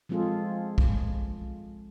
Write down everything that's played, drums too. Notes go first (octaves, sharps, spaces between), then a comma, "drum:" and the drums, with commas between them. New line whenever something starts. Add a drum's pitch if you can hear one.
F3 G#3 C4 F4 G#4 A4
drum: kick